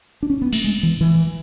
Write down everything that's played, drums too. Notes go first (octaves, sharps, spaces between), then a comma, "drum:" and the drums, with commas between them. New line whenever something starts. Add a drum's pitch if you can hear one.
D4
C#4
B3
A3, drum: cymbal
G#3
E3
E3